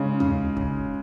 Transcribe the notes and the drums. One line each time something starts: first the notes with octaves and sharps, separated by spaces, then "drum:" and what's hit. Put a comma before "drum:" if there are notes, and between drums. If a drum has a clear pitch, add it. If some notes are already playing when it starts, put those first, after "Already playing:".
Already playing: C#3 G#3
C#3, drum: tom
C#3, drum: kick